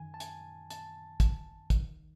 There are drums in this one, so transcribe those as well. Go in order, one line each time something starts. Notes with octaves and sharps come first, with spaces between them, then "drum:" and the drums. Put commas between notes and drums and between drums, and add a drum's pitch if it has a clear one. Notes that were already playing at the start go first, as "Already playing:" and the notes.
Already playing: F#2 D#3 G#5
A5
G#5, drum: hi-hat
A5, drum: hi-hat
drum: kick, hi-hat
D#2 D#3, drum: kick, hi-hat